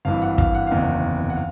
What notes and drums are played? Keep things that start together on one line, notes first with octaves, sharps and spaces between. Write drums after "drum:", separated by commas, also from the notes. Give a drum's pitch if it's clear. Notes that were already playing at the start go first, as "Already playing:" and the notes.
G#1 G2 E3 F5
F#5
F5, drum: kick
F#5
F#1 E2 C3 D#3 F5
F#5
F#5
F5